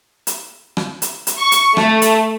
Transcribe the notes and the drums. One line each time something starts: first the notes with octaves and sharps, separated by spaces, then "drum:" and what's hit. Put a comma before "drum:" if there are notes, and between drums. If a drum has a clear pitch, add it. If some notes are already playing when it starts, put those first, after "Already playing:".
drum: hi-hat
drum: rim click
drum: hi-hat
drum: hi-hat
C#6
drum: hi-hat
A3, drum: rim click
drum: hi-hat